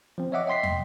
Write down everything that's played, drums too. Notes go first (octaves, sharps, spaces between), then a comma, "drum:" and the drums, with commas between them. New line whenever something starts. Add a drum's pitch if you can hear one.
F3 C4
C#5 D#5 E5 F#5 D6
D#5 G5 C6 B6 C7
drum: tom